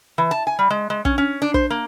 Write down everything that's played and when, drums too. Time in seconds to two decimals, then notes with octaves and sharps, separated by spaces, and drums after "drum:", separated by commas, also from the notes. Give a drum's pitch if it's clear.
0.18 E3
0.31 A5
0.47 G#5
0.59 G3
0.70 G#3
0.90 G#3
1.05 C#4, drum: kick
1.18 C#4
1.42 D4
1.54 C5, drum: kick
1.70 A#3